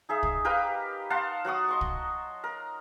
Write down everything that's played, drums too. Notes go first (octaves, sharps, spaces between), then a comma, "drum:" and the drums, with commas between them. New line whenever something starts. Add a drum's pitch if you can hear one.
D#4 G#4 E5
drum: kick
G4 A#4 B4 F5
F5 F#5 A5 C6
F#3 F#5 C#6 D#6
D#5 C6 C#6
drum: kick
A#4